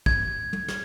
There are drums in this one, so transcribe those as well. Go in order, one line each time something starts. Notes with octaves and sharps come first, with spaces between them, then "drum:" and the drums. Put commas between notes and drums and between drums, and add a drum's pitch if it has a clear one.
G#6, drum: kick
drum: tom
drum: snare